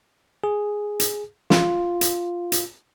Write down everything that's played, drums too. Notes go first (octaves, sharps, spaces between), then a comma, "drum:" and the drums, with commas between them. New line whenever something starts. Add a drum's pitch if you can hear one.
G#4
drum: hi-hat
F4, drum: snare
drum: hi-hat
drum: hi-hat